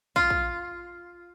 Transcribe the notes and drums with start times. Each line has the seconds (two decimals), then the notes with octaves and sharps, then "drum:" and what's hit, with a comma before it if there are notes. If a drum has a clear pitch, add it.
0.16 F4, drum: kick
0.30 drum: kick